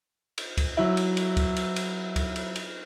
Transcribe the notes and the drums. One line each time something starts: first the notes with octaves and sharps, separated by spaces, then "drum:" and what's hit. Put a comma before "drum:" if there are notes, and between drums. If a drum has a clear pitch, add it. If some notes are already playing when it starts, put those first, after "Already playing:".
drum: cymbal
drum: kick C#2, cymbal
F#3 E4
drum: cymbal
drum: cymbal
drum: kick C#2, cymbal
drum: cymbal
drum: cymbal
drum: kick C#2, cymbal
drum: cymbal
drum: cymbal